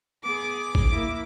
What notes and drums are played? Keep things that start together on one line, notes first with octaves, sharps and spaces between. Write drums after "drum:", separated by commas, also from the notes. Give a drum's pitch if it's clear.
B3 G#4 D6
drum: kick
A#3 E4